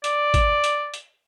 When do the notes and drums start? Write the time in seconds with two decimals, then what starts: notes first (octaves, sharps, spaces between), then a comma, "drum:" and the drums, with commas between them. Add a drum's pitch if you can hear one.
0.04 D5, drum: hi-hat
0.34 drum: kick, hi-hat
0.64 drum: hi-hat
0.94 drum: hi-hat